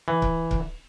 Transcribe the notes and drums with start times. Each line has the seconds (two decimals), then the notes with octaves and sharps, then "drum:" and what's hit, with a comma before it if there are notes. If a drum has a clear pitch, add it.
0.08 E3
0.22 drum: kick C#1
0.51 drum: kick C#1